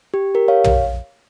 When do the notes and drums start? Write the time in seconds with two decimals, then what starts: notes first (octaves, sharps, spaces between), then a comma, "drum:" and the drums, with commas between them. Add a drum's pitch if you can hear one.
0.14 G4
0.34 G4 A#4
0.48 C#5 F5
0.64 drum: tom